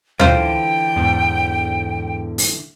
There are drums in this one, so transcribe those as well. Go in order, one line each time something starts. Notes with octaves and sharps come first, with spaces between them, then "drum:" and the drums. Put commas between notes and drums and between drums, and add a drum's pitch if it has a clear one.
D3 E3 F4 C5 G5, drum: tom D2
E2 G#2
drum: open hi-hat